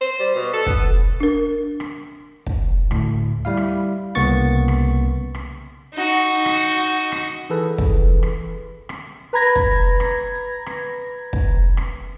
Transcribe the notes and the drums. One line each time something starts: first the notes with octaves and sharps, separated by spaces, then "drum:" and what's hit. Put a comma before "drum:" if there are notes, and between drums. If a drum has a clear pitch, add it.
C5
G3
B2
A4
B3, drum: kick
D4 A#4
drum: rim click
drum: kick
D2 A2, drum: rim click
G3 E4 F5
drum: rim click
C2 C#3 A#3 B3 C#6 A6
drum: rim click
drum: rim click
D#4 F#4
drum: rim click
drum: rim click
E3 G#4 A4 B4
drum: kick
drum: rim click
drum: rim click
B4 A#5 B5 G#6 A#6
drum: kick
drum: rim click
drum: rim click
drum: kick
drum: rim click